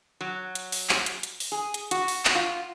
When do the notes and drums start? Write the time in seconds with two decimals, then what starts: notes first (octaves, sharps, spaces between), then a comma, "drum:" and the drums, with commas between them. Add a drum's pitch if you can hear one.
0.21 F#3
0.55 drum: hi-hat
0.72 drum: open hi-hat
0.89 drum: clap
1.06 drum: hi-hat
1.23 drum: hi-hat
1.40 drum: open hi-hat
1.52 G#4
1.74 drum: hi-hat
1.91 F#4, drum: hi-hat
2.08 drum: open hi-hat
2.25 drum: clap
2.35 F4